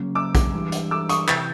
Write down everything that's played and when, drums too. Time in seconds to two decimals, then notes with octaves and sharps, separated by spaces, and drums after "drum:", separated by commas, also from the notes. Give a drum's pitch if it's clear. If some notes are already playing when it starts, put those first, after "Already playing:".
Already playing: C#3 F#3 A#3 C#4
0.15 D6 E6
0.35 drum: kick, hi-hat
0.54 G2 E3 G#3
0.72 drum: hi-hat
0.91 D6 E6
1.09 C#6 D#6, drum: hi-hat
1.28 C3 E3 G6 A6, drum: clap